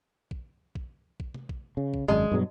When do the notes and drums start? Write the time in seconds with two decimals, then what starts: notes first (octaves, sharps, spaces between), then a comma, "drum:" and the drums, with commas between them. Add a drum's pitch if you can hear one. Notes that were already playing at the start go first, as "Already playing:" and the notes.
0.31 drum: kick
0.75 drum: kick
1.20 drum: kick
1.34 drum: tom C3
1.49 drum: kick
1.77 C#3
1.94 drum: kick
2.08 G#1 F#2 G#3
2.31 G2 B2 F#3